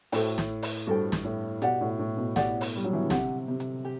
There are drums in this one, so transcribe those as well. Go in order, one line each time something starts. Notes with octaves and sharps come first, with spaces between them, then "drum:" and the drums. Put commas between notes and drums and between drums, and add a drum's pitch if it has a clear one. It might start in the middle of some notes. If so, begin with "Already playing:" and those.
A2 F#4 A4 C5 G5, drum: open hi-hat
drum: snare
drum: open hi-hat
G2 F#4 A4 C5 G5
drum: snare
A2
B2 G4 D5 F#5, drum: hi-hat
A2
A2
B2
G4 D5 F#5, drum: snare
drum: open hi-hat
G3
F#3
E3
D3
C3 G4 C5 F#5, drum: snare
C3
drum: hi-hat
G4